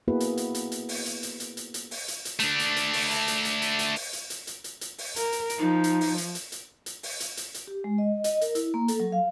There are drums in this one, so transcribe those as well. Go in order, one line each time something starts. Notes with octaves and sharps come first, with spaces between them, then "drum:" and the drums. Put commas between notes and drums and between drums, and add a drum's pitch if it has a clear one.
A#3 B3 E4 F#4 G#4 B4
drum: hi-hat
drum: hi-hat
drum: hi-hat
drum: hi-hat
drum: open hi-hat
drum: hi-hat
drum: hi-hat
drum: hi-hat
drum: hi-hat
drum: hi-hat
drum: open hi-hat
drum: hi-hat
drum: hi-hat
A3 D4, drum: hi-hat
drum: hi-hat
drum: hi-hat
drum: open hi-hat
drum: hi-hat
drum: hi-hat
drum: hi-hat
drum: hi-hat
drum: hi-hat
drum: open hi-hat
drum: hi-hat
drum: hi-hat
drum: hi-hat
drum: hi-hat
drum: hi-hat
drum: open hi-hat
A#4, drum: hi-hat
drum: hi-hat
drum: hi-hat
F3 D#4
drum: hi-hat
drum: open hi-hat
drum: hi-hat
drum: hi-hat
drum: hi-hat
drum: hi-hat
drum: open hi-hat
drum: hi-hat
drum: hi-hat
drum: hi-hat
G4
G#3
D#5
D#5, drum: hi-hat
A#4, drum: hi-hat
E4, drum: hi-hat
A#3
A4, drum: hi-hat
F#3
F5